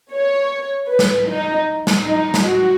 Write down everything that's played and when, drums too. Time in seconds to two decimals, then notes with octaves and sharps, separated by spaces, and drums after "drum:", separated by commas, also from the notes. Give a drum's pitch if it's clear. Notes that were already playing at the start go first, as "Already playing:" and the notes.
0.12 C#5
0.90 B4
0.99 drum: snare
1.29 D#4
1.87 drum: snare
2.05 D#4
2.34 drum: snare
2.44 F#4